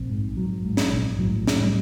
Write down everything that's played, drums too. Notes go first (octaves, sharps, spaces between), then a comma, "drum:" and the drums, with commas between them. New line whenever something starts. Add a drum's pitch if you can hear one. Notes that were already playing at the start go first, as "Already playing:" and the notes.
Already playing: A#1 C4
G#2
A#1 F#3
G#2
drum: snare
A#1
A2 F#3
A2, drum: snare
G3